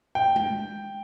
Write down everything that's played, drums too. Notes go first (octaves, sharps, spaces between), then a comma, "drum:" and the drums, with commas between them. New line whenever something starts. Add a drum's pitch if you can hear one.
G5
drum: tom G#3